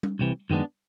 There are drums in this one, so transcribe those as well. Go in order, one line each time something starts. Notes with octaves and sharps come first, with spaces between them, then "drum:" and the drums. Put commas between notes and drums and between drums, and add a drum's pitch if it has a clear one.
drum: tom G3
C2 C3 E3
F#2 D#3 G#3 B3 D4